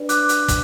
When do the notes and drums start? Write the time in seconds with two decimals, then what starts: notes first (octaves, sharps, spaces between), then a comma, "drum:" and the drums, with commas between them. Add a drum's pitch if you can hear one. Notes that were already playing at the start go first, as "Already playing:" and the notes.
Already playing: D4 B4 D5
0.09 D6 F#6, drum: hi-hat
0.29 drum: hi-hat
0.48 drum: kick, hi-hat